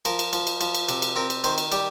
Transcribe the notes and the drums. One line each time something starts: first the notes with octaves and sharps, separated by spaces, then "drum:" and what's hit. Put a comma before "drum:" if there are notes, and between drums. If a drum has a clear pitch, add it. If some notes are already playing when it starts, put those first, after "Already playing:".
F3 A#4, drum: cymbal
drum: cymbal
F3, drum: cymbal
drum: cymbal
F3, drum: cymbal
drum: cymbal
C3, drum: cymbal
drum: cymbal
C4 A#4
drum: cymbal
D#3 C5, drum: cymbal
drum: cymbal
G3 G4, drum: cymbal